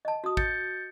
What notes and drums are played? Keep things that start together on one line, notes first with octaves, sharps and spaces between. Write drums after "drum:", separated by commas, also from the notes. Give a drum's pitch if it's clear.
D#5 A5
F#4 D#6
G6 A6 C#7, drum: kick